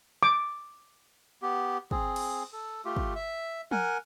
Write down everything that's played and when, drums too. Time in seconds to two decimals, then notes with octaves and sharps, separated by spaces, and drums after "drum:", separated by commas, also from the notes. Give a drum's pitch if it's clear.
0.23 D6
1.42 B3 G4
1.91 C4 G#4, drum: kick
2.16 drum: cymbal
2.53 A4
2.85 A3 F4 G4
2.96 drum: kick
3.16 E5
3.71 A#4 F#5 G#5, drum: tom F3